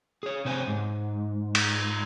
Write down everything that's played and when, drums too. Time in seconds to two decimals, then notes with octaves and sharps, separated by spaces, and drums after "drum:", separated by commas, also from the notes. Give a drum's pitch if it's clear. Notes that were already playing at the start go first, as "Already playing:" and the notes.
0.23 G#4 C#5
0.45 C3 C4 C5 C#5 G#5
0.68 G#2
1.55 drum: cymbal